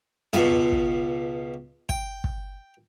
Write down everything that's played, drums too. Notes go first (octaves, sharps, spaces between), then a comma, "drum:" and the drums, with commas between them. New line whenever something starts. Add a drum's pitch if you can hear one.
C#2 B2, drum: tom
drum: kick
G5, drum: kick
drum: kick